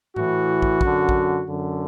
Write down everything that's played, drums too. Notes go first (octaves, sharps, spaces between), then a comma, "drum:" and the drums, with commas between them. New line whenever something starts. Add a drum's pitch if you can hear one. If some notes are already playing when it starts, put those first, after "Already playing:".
A2 E3 F#4, drum: tom G#2
drum: kick
F#2 D3, drum: kick
drum: kick
F#2 D3